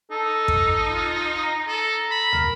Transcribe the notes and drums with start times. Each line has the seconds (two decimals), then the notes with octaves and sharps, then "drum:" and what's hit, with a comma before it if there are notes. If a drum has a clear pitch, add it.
0.11 D#4 A4
0.48 drum: kick
0.91 F4
1.42 A#5
1.67 A4
2.11 B5
2.33 A#4, drum: tom